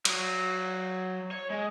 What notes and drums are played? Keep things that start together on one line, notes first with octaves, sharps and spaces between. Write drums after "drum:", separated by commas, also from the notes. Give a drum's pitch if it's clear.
F#3, drum: cymbal
C#5
G#3